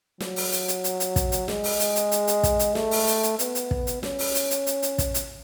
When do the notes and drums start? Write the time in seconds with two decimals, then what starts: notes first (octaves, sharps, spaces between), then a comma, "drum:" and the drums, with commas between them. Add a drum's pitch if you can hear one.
0.20 F#3, drum: snare
0.36 drum: open hi-hat
0.52 drum: hi-hat
0.68 drum: hi-hat
0.84 drum: hi-hat
1.00 drum: hi-hat
1.16 drum: kick, hi-hat
1.32 drum: hi-hat
1.48 G#3, drum: snare
1.64 drum: open hi-hat
1.80 drum: hi-hat
1.96 drum: hi-hat
2.11 drum: hi-hat
2.27 drum: hi-hat
2.43 drum: kick, hi-hat
2.59 drum: hi-hat
2.75 A3, drum: snare
2.91 drum: open hi-hat
3.07 drum: hi-hat
3.23 drum: hi-hat
3.39 B3, drum: hi-hat
3.55 drum: hi-hat
3.71 drum: kick
3.87 drum: hi-hat
4.03 C#4, drum: snare
4.19 drum: open hi-hat
4.35 drum: hi-hat
4.51 drum: hi-hat
4.66 drum: hi-hat
4.82 drum: hi-hat
4.98 drum: kick, hi-hat
5.14 drum: hi-hat